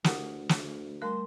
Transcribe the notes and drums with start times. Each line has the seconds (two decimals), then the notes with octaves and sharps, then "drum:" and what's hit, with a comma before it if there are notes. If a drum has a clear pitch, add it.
0.04 D2 E4 G4 A#4 F#5 D#6, drum: snare
0.49 drum: snare
1.02 G3 A3 A#4 F5 C6 F#6